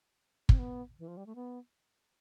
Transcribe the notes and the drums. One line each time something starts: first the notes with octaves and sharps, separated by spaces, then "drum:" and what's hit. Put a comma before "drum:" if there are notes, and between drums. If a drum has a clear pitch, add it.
C4, drum: kick
B3
E3
F3
G3
A3
B3